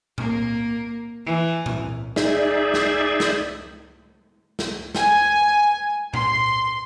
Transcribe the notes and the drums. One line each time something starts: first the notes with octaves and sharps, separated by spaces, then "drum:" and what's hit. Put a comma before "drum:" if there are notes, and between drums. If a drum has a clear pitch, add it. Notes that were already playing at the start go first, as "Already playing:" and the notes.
A#3, drum: tom A#2
E3
drum: tom A#2
D#4 G#4 D5 E5, drum: snare
drum: snare
drum: snare
drum: snare
G#5, drum: snare
C6, drum: tom A#2